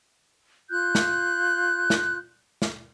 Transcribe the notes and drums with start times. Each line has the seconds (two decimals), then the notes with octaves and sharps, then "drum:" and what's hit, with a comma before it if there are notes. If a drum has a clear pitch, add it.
0.71 F4 F#6 G6
0.95 drum: snare
1.90 drum: snare
2.62 drum: snare